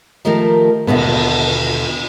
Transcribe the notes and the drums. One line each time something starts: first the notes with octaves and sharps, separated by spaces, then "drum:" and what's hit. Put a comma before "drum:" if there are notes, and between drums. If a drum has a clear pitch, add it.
D#3 F3 A3 G4 A#4
D#2 B2 D3 B3, drum: cymbal